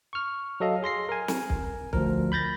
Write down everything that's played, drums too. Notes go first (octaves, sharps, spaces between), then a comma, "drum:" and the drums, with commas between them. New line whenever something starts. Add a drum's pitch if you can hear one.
C#6 F6
F#3 A4 D#5 F5
G#4 C6 A#6 C7
A#4 G#5
drum: snare
drum: kick
D2 F3 A#4, drum: kick
B5 G6 A6 A#6